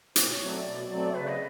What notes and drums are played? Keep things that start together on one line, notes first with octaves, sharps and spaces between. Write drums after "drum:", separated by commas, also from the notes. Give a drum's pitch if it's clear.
B2 C5, drum: hi-hat
C#5
F#3 A3 C4
D5
B2
F#3 A3 C4
C#3 B4
D#5